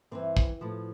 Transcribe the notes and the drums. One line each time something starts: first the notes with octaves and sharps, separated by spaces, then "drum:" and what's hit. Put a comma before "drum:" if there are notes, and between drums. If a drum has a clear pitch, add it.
G2 E3 C4
drum: kick
A2 F3